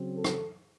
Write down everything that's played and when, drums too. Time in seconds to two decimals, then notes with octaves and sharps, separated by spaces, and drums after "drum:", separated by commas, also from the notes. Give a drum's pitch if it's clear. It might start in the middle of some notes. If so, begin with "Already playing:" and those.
Already playing: C#3 F#3 C4
0.14 A4
0.24 drum: rim click